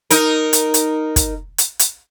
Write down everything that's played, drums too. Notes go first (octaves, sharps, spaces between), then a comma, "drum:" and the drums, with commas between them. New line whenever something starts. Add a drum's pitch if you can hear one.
D#4 A#4, drum: hi-hat
drum: hi-hat
drum: hi-hat
drum: kick, hi-hat
drum: hi-hat
drum: hi-hat